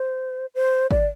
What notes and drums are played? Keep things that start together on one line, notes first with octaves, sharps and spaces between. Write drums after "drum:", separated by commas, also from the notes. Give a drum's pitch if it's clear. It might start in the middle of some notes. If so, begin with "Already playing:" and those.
Already playing: C5
C5
D5, drum: kick G#1